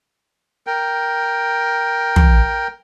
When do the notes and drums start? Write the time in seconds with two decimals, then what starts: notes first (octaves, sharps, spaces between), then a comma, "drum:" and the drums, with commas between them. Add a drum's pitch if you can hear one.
0.67 A#4 G5
2.16 drum: tom